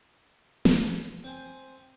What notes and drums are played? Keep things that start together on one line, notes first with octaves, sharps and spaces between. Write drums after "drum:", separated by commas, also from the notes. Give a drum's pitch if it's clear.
drum: snare
C4 C5 G#5